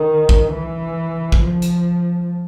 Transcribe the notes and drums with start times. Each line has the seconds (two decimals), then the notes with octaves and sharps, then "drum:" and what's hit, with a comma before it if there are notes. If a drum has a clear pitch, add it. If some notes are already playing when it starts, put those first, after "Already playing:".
Already playing: D#3
0.29 drum: kick
0.52 E3
1.32 drum: kick
1.42 F3
1.62 drum: hi-hat